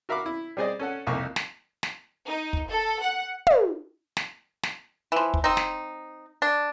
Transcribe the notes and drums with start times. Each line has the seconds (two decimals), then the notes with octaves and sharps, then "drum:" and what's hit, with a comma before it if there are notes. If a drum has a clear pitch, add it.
0.09 F#4 A#4 E5 F5 B5 D6
0.26 E4
0.57 G3 C4 G#4 C5 D5 D#5
0.79 C#4 A4 F#5
1.07 C2 F2 A#3 D#4 C#6 D6
1.36 drum: snare
1.83 drum: snare
2.26 D#4
2.53 drum: kick
2.68 A4
3.00 F#5
3.47 drum: tom
4.17 drum: snare
4.64 drum: snare
5.12 E3 F3
5.34 drum: kick
5.44 C4 D#4
5.57 drum: snare
6.42 D4